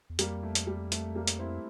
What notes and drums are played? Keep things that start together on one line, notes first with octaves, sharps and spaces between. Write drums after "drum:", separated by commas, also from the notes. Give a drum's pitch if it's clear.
E2
F2 G3 A#3, drum: hi-hat
A3
drum: hi-hat
G3
A3, drum: hi-hat
G3 A#3
drum: hi-hat
C4 E4